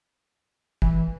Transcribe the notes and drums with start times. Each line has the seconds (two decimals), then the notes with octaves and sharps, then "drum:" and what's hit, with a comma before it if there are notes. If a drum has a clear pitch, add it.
0.82 E3, drum: kick